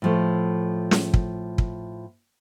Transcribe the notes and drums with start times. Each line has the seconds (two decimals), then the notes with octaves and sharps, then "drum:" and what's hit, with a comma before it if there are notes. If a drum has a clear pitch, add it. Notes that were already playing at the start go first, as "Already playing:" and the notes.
0.02 A2 F3 A3
0.91 drum: snare
1.14 drum: kick
1.58 drum: kick